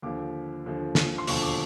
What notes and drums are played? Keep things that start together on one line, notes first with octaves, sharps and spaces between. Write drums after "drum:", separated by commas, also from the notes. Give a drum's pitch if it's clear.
D#2 D3 F3 D6
D#2 D3 F3
drum: snare
C6
E1 D#2 D3 F3 C#6, drum: open hi-hat
D6